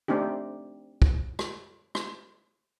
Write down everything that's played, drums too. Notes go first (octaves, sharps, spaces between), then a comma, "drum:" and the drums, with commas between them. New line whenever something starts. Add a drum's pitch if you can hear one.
A3 C4 D4 D#4 G4
drum: kick
drum: rim click
drum: rim click